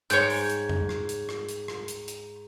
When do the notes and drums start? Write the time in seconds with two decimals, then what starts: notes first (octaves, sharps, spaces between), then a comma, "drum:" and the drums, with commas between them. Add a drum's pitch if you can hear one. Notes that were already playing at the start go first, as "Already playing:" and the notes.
0.10 G#2 C#5 G5 G6, drum: hi-hat
0.30 drum: open hi-hat
0.50 drum: hi-hat
0.69 drum: tom F2
0.89 drum: rim click
1.09 drum: hi-hat
1.29 drum: rim click
1.49 drum: hi-hat
1.68 drum: rim click
1.88 drum: hi-hat
2.08 drum: hi-hat